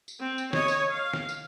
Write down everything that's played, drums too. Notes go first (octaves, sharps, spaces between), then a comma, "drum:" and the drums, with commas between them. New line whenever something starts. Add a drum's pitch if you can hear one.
drum: tambourine
C4
drum: tambourine
C#5 D#5, drum: snare
drum: tambourine
F5
drum: snare
drum: tambourine